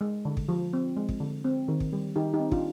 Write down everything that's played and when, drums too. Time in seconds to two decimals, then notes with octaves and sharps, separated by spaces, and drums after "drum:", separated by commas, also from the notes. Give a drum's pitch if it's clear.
0.01 G#3
0.25 D3
0.37 drum: kick
0.49 F3
0.73 C4
0.97 G#3
1.09 drum: kick
1.20 D3
1.44 C4
1.68 D#3
1.80 drum: kick
1.93 G3
2.16 D#3 D#4 G4
2.34 D#4 G4
2.40 C4
2.52 D4 F4, drum: kick